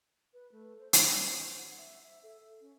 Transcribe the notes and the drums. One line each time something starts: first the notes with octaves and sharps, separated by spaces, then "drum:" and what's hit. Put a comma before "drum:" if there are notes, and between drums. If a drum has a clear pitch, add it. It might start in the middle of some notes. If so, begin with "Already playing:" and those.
B4
A3
C5
B4, drum: hi-hat
C#4
C5
F#5
E5
E5
A4
C#4